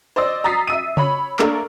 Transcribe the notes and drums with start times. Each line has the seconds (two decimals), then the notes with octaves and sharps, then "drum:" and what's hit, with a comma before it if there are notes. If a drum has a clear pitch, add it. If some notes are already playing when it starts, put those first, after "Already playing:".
0.16 C5 D5 D#5 E6
0.44 A#5 D#6 A6 B6 C7
0.67 E5 E6 D#7
0.97 C#5 B5, drum: tom C#3
1.39 A3 A#3 D4 A4 A#4, drum: clap